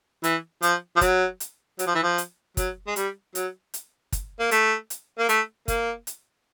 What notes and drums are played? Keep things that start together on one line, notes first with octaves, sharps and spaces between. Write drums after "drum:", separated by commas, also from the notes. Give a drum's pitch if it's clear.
E3, drum: hi-hat
F3, drum: hi-hat
F3
F#3, drum: kick, hi-hat
drum: hi-hat
F#3, drum: hi-hat
F3
E3
F3
drum: hi-hat
F#3, drum: kick, hi-hat
G#3
G3, drum: hi-hat
F#3, drum: hi-hat
drum: hi-hat
drum: kick, hi-hat
A#3
A3, drum: hi-hat
drum: hi-hat
A#3
A3, drum: hi-hat
A#3, drum: kick, hi-hat
drum: hi-hat